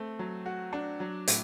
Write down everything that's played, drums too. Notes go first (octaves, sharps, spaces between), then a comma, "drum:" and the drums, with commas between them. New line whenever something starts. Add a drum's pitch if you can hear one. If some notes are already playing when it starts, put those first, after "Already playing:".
Already playing: A3 C4
F#3
F#4
D4
F#3
A2, drum: hi-hat